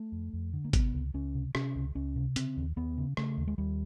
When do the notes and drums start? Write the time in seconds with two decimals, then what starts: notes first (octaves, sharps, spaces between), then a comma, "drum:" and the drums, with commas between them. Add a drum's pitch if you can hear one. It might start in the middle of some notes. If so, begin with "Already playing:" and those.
Already playing: A3
0.12 F2
0.33 F2
0.53 D3
0.65 A#3
0.73 C3 B3, drum: kick, hi-hat
0.93 C#2
1.14 C#2 C#4
1.35 C3
1.55 C3 C#4, drum: rim click
1.75 C#2
1.95 C#2 C#4
2.16 C3
2.36 C#3 C4, drum: hi-hat
2.57 D#2
2.76 D#2 B3
2.98 C#3
3.17 C#3 A3, drum: rim click
3.37 D#2
3.48 G#3
3.58 D#2 G3